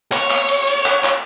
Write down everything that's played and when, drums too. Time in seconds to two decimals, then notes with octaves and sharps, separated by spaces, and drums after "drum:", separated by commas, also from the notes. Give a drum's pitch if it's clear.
0.12 C#5, drum: clap
0.30 drum: clap
0.49 drum: cymbal
0.67 drum: cymbal
0.85 drum: clap
1.04 drum: clap